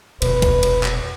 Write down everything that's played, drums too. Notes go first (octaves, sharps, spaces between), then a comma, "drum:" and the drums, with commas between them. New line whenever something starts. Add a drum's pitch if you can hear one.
F1 B2 B4, drum: cymbal
drum: kick, cymbal
drum: cymbal
drum: clap